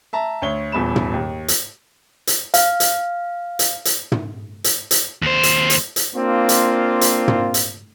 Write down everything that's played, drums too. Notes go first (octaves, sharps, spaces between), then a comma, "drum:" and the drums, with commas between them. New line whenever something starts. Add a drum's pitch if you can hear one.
E5 A5 A#5
D2 C#5 G7
D#1 E2 B5 E7
drum: tom
D#2
drum: hi-hat
drum: hi-hat
F5, drum: hi-hat
drum: hi-hat
drum: hi-hat
drum: hi-hat
drum: tom
drum: hi-hat
drum: hi-hat
D#2 C5
drum: hi-hat
drum: hi-hat
drum: hi-hat
A#3 C4 D4 F4
drum: hi-hat
drum: hi-hat
drum: tom
drum: hi-hat